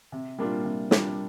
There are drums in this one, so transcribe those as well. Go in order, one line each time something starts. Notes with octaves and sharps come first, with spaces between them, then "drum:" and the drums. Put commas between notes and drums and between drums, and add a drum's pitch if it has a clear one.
C3
G3 A#3 D4 F4
C3
G3 A#3 D4 F4, drum: snare